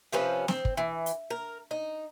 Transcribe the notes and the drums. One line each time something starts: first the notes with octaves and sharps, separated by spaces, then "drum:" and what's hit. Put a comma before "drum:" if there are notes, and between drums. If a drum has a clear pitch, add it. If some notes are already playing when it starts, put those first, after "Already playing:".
C3 F3 C#4 B4
C4, drum: snare
drum: kick
E3
drum: hi-hat
A#4
D#4